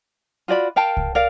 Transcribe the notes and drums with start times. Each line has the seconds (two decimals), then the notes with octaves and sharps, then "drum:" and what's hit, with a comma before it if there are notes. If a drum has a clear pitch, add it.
0.48 F4 F#4 D5 B5
0.76 A#4 F5 G5 A5
0.97 drum: kick C2
1.15 A#4 D5 F5